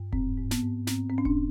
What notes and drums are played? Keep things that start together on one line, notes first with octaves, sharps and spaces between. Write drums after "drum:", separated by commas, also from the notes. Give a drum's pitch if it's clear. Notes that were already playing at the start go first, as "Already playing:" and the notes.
Already playing: G2
G#2 C4, drum: kick E1
G#2
B3, drum: snare
G#2
G#2 C4, drum: snare
C4
G#2
C#4
D4, drum: kick E1